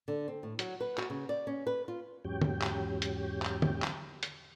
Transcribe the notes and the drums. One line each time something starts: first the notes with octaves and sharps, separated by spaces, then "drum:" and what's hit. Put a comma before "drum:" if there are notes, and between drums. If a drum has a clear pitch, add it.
D3
C4
A2
F#3, drum: hi-hat
B4
F#4, drum: clap
C#3
D5
C#4
B4
F4
E2 G#2 F#3 C#4 G4 G5
drum: tom D3
drum: clap
drum: hi-hat
drum: clap
drum: tom D3
drum: clap
drum: hi-hat